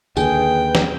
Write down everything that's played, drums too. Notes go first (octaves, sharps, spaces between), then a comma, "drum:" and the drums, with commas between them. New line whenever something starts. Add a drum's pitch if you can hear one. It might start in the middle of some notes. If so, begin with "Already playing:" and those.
D#2 D3 G#4 B4 G5, drum: tambourine
drum: snare